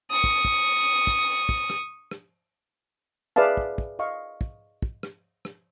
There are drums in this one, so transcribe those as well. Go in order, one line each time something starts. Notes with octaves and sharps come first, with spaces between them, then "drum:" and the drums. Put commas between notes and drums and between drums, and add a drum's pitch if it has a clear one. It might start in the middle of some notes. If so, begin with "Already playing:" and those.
C#6 D#6
drum: kick
drum: kick
drum: kick
drum: kick
drum: rim click
drum: rim click
G#4 B4 D5 E5 F5 A5
drum: kick
drum: kick
D#5 F5 C#6
drum: kick
drum: kick
drum: rim click
drum: rim click